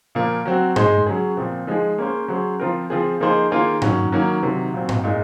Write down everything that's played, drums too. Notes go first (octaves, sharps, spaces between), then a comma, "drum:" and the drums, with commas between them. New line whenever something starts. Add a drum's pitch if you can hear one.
A#2 F3 A#3
F#3 C4 F#4
G#3 D#4 G#4 C5, drum: tom G#2
F#3 C#4 G#4
A#2 F3 C4
F3 G#3 D#4 G#4
A#3 C#4 G#4 C5
F#3 C#4 G#4 C5
F3 C4 F4 A#4
F3 C4 F4 G#4
F3 A#3 D#4 G#4 C5
D#3 A#3 F4 G#4 C5
D#3 F#3 C#4, drum: tom G#2
D#3 F#3 A#3 C#4
C3 D#3 F#3
A#2 F#3 C4
drum: tom G#2
A#2 G#3 D#4